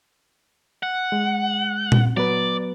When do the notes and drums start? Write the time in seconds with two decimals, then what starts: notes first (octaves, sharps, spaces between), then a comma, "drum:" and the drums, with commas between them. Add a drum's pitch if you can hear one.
0.83 F#5
1.12 G#3
1.92 drum: tom A#2
2.17 F#3 B3 B4 D5